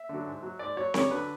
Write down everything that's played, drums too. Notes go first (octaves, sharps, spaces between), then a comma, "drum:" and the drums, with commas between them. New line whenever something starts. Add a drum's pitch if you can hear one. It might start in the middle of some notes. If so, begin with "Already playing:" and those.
Already playing: E5
D3 F#3
G#2
F#3
G#2 D5
F#3 C#5
D2 C#5, drum: snare C4
D3 F#3 B4